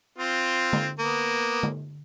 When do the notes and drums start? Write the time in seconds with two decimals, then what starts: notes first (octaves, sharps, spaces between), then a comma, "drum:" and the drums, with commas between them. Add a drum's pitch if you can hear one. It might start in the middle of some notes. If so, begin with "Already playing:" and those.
0.18 C4 F4
0.73 drum: tom D3
0.99 A#3 B3
1.63 drum: tom D3